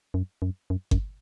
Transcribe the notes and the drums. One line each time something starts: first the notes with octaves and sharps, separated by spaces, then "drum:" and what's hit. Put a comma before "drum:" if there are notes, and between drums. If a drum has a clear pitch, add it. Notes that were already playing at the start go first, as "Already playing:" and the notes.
F#2
F#2
F#2
F#2, drum: kick G1